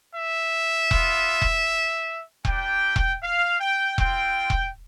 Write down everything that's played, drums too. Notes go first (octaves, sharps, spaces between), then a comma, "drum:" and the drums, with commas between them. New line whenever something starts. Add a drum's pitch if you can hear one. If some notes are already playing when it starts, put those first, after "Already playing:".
E5
B3 F4, drum: kick E1
drum: kick E1
G3 D4 G4 G5, drum: kick E1
drum: kick E1
F5
G5
C4 F4 G5, drum: kick E1
drum: kick E1